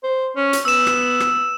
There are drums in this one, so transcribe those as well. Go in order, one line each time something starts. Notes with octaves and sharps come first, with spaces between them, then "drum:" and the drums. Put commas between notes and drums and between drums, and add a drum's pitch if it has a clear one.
C5
C#4
drum: hi-hat
B3 E6 E7
drum: rim click
drum: rim click